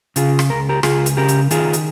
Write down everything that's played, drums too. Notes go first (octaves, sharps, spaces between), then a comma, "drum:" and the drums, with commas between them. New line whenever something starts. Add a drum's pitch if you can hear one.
C#3 F4 G#4, drum: hi-hat
drum: rim click
C#2 A#4
G4 A#4
C#2 F4 G#4, drum: rim click
drum: hi-hat
C#3 G4 A#4
drum: hi-hat
D#3 F4 G#4, drum: hi-hat
drum: hi-hat